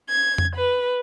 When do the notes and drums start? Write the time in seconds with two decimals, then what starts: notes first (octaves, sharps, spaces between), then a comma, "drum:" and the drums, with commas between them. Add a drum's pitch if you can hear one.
0.10 G#6
0.38 drum: tom F2
0.57 B4